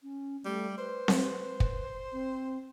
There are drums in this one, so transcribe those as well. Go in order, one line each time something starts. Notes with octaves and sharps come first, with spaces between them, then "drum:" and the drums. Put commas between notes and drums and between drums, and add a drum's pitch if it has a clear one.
C#4
G3 A3
B4 C5
drum: snare C4
drum: kick
C4